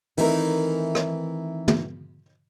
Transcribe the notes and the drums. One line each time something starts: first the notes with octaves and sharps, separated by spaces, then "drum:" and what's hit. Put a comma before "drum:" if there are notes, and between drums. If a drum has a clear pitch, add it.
D#3 E3 A3 C4 D#4 A#4, drum: open hi-hat
drum: rim click
drum: tom